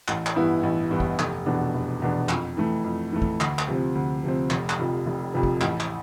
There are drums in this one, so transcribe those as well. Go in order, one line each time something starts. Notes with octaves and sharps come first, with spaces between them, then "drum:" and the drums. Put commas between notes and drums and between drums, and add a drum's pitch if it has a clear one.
A1, drum: clap
drum: clap
G2 E3 B3 E4
A1
G2 E3 B3 E4
drum: kick
F1, drum: clap
E2 B2 B3 D4
F1
E2 B2 B3 D4
F2, drum: clap
E3 A3
F2
E3 A3
drum: kick
D2, drum: clap
drum: clap
C3 F3 C4
D2
C3 F3 C4
F1, drum: clap
drum: clap
F2 C3 F3
F1
F2 C3 F3
drum: kick
A1, drum: clap
drum: clap